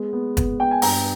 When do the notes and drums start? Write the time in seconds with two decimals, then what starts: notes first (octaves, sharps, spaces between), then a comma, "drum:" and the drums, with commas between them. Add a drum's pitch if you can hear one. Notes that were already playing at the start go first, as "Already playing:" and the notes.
Already playing: G#3 B3
0.13 B3
0.37 B3, drum: kick, hi-hat
0.59 B3 G5
0.71 G#5
0.82 G2 G5 A#5, drum: open hi-hat